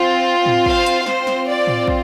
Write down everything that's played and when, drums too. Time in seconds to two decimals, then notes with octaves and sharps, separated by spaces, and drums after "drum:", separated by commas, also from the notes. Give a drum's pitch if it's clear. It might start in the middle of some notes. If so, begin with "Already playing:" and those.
Already playing: C4 F4
0.46 drum: tom A2
0.66 C5 F5, drum: kick
0.86 drum: hi-hat
1.06 C4 F4 C5, drum: snare
1.27 drum: snare
1.47 D5
1.67 drum: tom A2
1.88 drum: kick